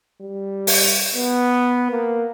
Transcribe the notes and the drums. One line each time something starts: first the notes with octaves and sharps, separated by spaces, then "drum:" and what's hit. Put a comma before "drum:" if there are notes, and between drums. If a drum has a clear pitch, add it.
G3
drum: open hi-hat
B3
A#3